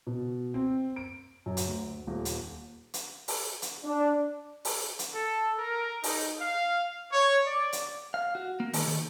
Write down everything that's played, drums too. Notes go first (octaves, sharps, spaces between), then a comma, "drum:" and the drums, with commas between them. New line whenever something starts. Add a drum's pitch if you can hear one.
B2
C4
D7
F#2
drum: hi-hat
D2
D#1
drum: hi-hat
drum: hi-hat
drum: open hi-hat
drum: hi-hat
D4
drum: open hi-hat
drum: hi-hat
A4
A#4
D#4, drum: open hi-hat
F5
C#5
D5
drum: hi-hat
F5
F#4
A#3
D#3, drum: open hi-hat
D#3